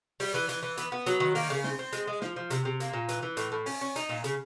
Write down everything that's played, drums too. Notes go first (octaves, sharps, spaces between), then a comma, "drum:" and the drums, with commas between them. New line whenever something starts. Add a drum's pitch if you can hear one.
G3, drum: open hi-hat
E3
E3, drum: hi-hat
E3
B3, drum: hi-hat
B3
F#3, drum: hi-hat
D#3
A#3, drum: open hi-hat
C#3
C4, drum: snare
C4
G#3, drum: hi-hat
G#3
F3, drum: snare
F3
C3, drum: hi-hat
C3
A#3, drum: hi-hat
A#2
E3, drum: hi-hat
E3
A2, drum: hi-hat
A2
C#4, drum: open hi-hat
C#4
D#4, drum: hi-hat
A#2
C#3, drum: hi-hat